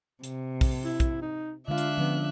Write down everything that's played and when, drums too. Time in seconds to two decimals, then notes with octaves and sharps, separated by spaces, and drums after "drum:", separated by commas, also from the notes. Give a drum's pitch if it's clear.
0.24 C3, drum: hi-hat
0.61 drum: kick, open hi-hat
0.85 E4
1.00 drum: kick, hi-hat
1.22 D#4
1.68 D3 G#3 D4 F4 E5 F5 F#6
1.78 drum: hi-hat
1.97 D3 F3 B3 C#4